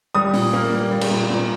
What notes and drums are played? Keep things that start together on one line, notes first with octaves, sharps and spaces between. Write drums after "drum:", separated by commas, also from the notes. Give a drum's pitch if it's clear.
G3 D#6
A#2, drum: open hi-hat
A#3
G3
G3
drum: cymbal
A#2
A#2